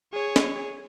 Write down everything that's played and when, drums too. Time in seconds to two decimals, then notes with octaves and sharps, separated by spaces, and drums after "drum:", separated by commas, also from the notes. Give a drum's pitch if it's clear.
0.14 G#4 C#5
0.36 drum: snare